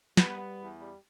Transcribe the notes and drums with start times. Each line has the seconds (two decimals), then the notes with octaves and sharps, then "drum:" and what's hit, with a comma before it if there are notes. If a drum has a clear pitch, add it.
0.17 G3 B3, drum: snare
0.38 B3
0.59 E2
0.79 G3